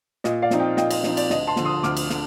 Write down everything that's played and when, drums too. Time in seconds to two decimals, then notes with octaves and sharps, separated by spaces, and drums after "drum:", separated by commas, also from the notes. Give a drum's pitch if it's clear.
0.24 A#2 D#5, drum: snare
0.42 D5 F5
0.51 F3 C4 D#4, drum: snare
0.60 D#5 G5
0.77 A#2 D#5 G5, drum: snare
0.90 D#5, drum: cymbal
1.03 F3 C4 D#4 D#5, drum: snare
1.17 D5, drum: cymbal
1.30 D2 D#5, drum: snare
1.47 A5 C6
1.56 D3 F3, drum: snare
1.65 C6 D#6
1.83 D2 D6 F6, drum: snare
1.97 drum: cymbal
2.10 D3, drum: snare